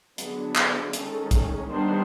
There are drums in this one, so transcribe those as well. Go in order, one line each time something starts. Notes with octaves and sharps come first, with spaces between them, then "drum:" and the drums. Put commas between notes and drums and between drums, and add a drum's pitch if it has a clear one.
D3 F#3 B3 D4 G#4, drum: hi-hat
drum: clap
D#3 G#3 C#4 A4, drum: hi-hat
drum: kick, hi-hat
D#3 G3 B3 D4 C5